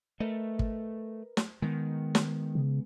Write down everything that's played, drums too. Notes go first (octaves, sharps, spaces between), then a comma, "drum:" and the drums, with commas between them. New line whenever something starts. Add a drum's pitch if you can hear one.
A3 A#4 B4 D#5
drum: kick
drum: snare
D#3 G#3 B3
drum: snare
C#3